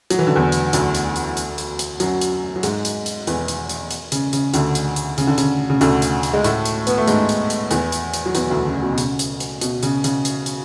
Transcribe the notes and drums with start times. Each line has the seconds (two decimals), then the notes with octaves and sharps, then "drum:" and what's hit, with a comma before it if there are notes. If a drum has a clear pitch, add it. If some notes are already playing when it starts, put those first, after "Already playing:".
0.10 F#3, drum: hi-hat
0.19 E3
0.27 D3
0.35 E2 E3
0.52 drum: hi-hat
0.73 D2 D3, drum: hi-hat
0.95 drum: hi-hat
1.16 drum: hi-hat
1.37 drum: hi-hat
1.58 drum: hi-hat
1.79 drum: hi-hat
2.00 F#2 F#3, drum: hi-hat
2.21 drum: hi-hat
2.56 F#3
2.63 G#2 G#3, drum: hi-hat
2.85 drum: hi-hat
3.06 drum: hi-hat
3.27 E2 E3, drum: hi-hat
3.48 drum: hi-hat
3.69 drum: hi-hat
3.91 drum: hi-hat
4.12 C#3, drum: hi-hat
4.33 C#3, drum: hi-hat
4.54 D2 D3, drum: hi-hat
4.75 drum: hi-hat
4.96 drum: hi-hat
5.18 C#3, drum: hi-hat
5.27 D3
5.38 C#3, drum: hi-hat
5.70 C#3
5.81 D2 D3, drum: hi-hat
6.02 drum: hi-hat
6.23 drum: hi-hat
6.33 G#3
6.44 A2 A3, drum: hi-hat
6.65 drum: hi-hat
6.87 B3, drum: hi-hat
6.98 A3
7.08 G#2 G#3, drum: hi-hat
7.29 drum: hi-hat
7.50 drum: hi-hat
7.71 E2 E3, drum: hi-hat
7.92 drum: hi-hat
8.14 drum: hi-hat
8.26 F#3
8.35 E2 E3, drum: hi-hat
8.50 D2 D3
8.66 C#3
8.82 B2
8.93 B2
8.98 C#3, drum: hi-hat
9.19 drum: hi-hat
9.40 drum: hi-hat
9.61 B2, drum: hi-hat
9.83 C#3, drum: hi-hat
10.04 C#3, drum: hi-hat
10.25 drum: hi-hat
10.46 drum: hi-hat